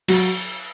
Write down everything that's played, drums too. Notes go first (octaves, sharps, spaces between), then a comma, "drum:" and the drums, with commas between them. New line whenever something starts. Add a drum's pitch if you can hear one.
F#3, drum: cymbal